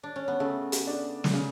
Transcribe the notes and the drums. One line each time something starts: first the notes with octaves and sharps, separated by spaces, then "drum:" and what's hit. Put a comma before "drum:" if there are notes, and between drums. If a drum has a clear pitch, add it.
D4
C#4
B3
C#3 A3
drum: hi-hat
D4
drum: snare
C#3